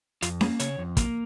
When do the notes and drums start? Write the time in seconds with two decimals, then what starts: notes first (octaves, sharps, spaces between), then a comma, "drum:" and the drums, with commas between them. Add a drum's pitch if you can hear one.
0.22 F2 F4, drum: hi-hat
0.41 A#3 G#4, drum: snare C#4
0.60 C#3 C#5, drum: hi-hat
0.78 F2
0.97 A#3, drum: kick, hi-hat